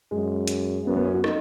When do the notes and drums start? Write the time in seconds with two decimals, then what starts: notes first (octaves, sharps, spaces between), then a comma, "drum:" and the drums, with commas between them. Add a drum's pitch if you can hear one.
0.11 F#2 G#3
0.47 drum: hi-hat
0.86 F#2 B3
0.96 B3
1.05 C#4
1.14 F#4
1.24 D#4, drum: rim click